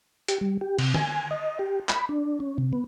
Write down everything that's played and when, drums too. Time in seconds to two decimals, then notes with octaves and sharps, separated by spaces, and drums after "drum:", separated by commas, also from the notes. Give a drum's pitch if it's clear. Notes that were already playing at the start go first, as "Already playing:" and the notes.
0.28 G4, drum: hi-hat
0.41 G3
0.61 G4
0.79 C3, drum: cymbal
0.94 G#5, drum: tom D3
1.31 D#5
1.59 G4
1.89 B5, drum: clap
2.09 D4
2.40 C#4
2.58 C3
2.73 B3